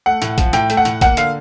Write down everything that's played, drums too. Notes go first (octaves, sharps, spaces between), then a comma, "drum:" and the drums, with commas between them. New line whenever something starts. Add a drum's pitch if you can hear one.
A3 F#5
A2, drum: hi-hat
F3, drum: kick, hi-hat
A2 G5, drum: hi-hat
A3, drum: hi-hat
F#5
A2, drum: hi-hat
A#3 F#5, drum: kick, hi-hat
D3 F5, drum: hi-hat